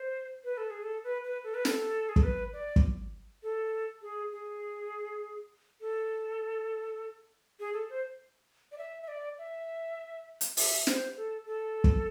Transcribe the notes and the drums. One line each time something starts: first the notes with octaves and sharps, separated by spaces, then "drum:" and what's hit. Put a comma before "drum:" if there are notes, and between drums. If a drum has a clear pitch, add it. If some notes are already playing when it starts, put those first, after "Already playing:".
Already playing: C5
B4
A4
G#4
A4
B4
B4
A4
B4
A4, drum: snare
G#4
A4, drum: kick
B4
D5
drum: kick
A4
G#4
G#4
A4
G#4
A4
C5
D5
E5
E5
D5
E5
drum: hi-hat
E5, drum: open hi-hat
C5, drum: snare
A4
A4
drum: kick